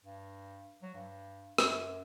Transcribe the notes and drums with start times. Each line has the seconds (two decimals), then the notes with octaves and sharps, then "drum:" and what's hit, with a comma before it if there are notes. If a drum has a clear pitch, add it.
0.04 G2
0.82 F#3
0.95 G2
1.58 F#2, drum: rim click